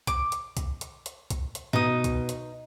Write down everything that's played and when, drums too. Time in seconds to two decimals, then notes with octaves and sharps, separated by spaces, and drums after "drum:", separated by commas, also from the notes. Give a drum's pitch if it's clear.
0.07 D6, drum: kick C2, hi-hat
0.32 drum: hi-hat
0.57 drum: kick C2, hi-hat
0.81 drum: hi-hat
1.06 drum: hi-hat
1.30 drum: kick C2, hi-hat
1.55 drum: hi-hat
1.73 B2 D#4 D#6
2.04 drum: kick C2, hi-hat
2.29 drum: hi-hat